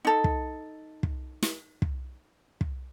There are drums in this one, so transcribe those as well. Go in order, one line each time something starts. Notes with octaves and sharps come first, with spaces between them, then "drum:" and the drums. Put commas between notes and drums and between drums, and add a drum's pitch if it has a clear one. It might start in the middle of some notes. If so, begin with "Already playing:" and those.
D#4 A4
drum: kick
drum: kick
drum: snare
drum: kick
drum: kick